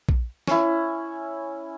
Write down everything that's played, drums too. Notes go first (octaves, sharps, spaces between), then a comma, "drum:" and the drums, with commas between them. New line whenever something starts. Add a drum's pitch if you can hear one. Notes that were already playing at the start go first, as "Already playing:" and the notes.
drum: kick A#1
C#4 E4, drum: snare